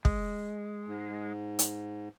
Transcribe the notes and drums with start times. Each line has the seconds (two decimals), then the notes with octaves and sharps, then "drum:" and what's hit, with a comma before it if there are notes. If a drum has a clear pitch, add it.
0.05 G#3, drum: kick
0.87 G#2
1.59 drum: hi-hat